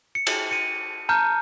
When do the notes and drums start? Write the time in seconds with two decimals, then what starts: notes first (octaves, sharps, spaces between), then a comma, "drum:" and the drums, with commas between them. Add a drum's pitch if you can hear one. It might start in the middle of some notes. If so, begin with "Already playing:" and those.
0.15 C#7
0.27 drum: cymbal
0.51 C#7 D#7
1.09 A5 A#5 F6 G6